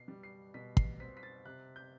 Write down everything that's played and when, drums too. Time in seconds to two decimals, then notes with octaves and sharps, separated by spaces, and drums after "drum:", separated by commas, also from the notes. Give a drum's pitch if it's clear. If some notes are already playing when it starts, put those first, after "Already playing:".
Already playing: B2 C7
0.08 G3
0.23 C7
0.54 B2 B6
0.77 C7, drum: kick
1.00 C4 B6
1.17 B6
1.23 A6
1.45 C3 F#6
1.76 G6